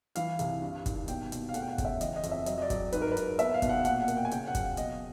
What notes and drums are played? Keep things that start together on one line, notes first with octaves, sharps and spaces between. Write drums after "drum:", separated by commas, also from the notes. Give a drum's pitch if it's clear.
E3 F5, drum: hi-hat
C2, drum: hi-hat
G2
D#3, drum: kick, hi-hat
B2 G5, drum: hi-hat
B2, drum: hi-hat
F5
A3 F#5, drum: hi-hat
G5
F#5
C#3, drum: kick, hi-hat
E5
E3 D#5, drum: hi-hat
D#5
F2, drum: hi-hat
E5
F#3 D#5, drum: hi-hat
D#5
D5
F#3, drum: kick, hi-hat
G#2 B4, drum: hi-hat
A#4
B4
G#2, drum: hi-hat
B3 E5, drum: hi-hat
F5
B2, drum: kick, hi-hat
F#5
A#2 F#5, drum: hi-hat
F#5
A#3, drum: hi-hat
G5
G#5
C#3 G5, drum: hi-hat
F#5
F#3, drum: kick, hi-hat
F5
B2 D#5, drum: hi-hat